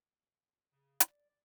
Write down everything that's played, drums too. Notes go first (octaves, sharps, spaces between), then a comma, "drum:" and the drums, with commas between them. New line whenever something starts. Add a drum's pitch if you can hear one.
C#3
D5, drum: hi-hat
D5